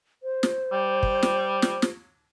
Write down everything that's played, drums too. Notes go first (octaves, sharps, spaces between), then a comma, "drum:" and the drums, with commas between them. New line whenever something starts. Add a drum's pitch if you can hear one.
C5
drum: snare
G3
drum: kick
drum: snare
drum: snare
drum: snare